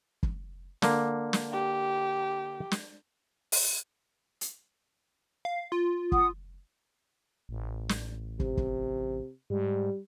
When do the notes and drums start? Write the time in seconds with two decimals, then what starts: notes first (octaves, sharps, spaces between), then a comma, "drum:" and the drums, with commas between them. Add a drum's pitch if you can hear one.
0.23 drum: kick
0.82 D3 A#3, drum: snare
1.33 drum: snare
1.53 G4
2.71 drum: snare
3.52 drum: open hi-hat
4.41 drum: hi-hat
5.45 F5
5.72 F4
6.12 F#5 D#6, drum: kick
7.49 A1
7.89 drum: snare
8.40 C3, drum: kick
8.57 drum: kick
9.50 G#2 G3